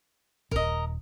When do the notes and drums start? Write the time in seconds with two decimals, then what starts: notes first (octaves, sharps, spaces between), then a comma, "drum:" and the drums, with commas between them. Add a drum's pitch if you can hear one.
0.51 D#1 A#4 D#5, drum: kick